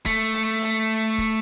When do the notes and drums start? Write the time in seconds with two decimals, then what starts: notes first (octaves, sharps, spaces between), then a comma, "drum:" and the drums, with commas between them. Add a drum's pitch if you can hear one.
0.06 A3, drum: kick C#1, hi-hat
0.34 drum: hi-hat
0.62 drum: hi-hat
1.18 drum: kick C#1